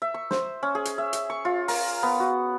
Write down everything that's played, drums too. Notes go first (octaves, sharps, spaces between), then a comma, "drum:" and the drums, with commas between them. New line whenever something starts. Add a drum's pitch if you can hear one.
E5
C#6
C5, drum: snare
C#4
G#4
drum: hi-hat
E5
drum: hi-hat
C#6
F4
A#4, drum: open hi-hat
B3
F#4